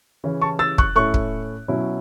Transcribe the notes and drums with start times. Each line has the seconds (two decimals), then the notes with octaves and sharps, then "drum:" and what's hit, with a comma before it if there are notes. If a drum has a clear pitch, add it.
0.24 C#3 E3 C#4 E4
0.42 A5 C#6
0.59 E6 A6
0.78 C#6 F#6, drum: kick
0.96 A2 A3 C#4 E4 C#6 F#6
1.14 drum: kick
1.68 B2 F#3 C#4 E4